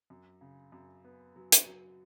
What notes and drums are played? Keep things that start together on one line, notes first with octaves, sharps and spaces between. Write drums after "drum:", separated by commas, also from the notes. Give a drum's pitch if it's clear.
F#2
C#3
F#2
B3
F#3
drum: hi-hat
F#3